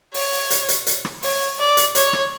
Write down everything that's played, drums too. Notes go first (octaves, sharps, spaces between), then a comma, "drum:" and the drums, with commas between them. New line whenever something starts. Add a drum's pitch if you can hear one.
C#5, drum: open hi-hat
drum: open hi-hat
drum: hi-hat
drum: hi-hat
drum: hi-hat
drum: rim click
C#5, drum: open hi-hat
D5
drum: hi-hat
C#5, drum: hi-hat
drum: rim click